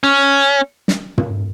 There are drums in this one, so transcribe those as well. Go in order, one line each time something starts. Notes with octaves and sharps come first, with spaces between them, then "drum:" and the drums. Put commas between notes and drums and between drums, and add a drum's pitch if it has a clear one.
C#4
drum: snare
drum: tom